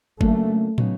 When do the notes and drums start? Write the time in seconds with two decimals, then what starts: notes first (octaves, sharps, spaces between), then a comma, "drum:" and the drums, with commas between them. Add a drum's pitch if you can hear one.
0.21 C#3 F#3 A3 A#3 D4, drum: kick
0.78 C#3 F#3 B3 D#4, drum: tom